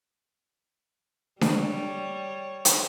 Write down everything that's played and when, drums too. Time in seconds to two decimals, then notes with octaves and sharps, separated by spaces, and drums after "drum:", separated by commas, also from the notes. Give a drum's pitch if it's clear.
1.41 G3 C#5, drum: snare D4
2.65 drum: hi-hat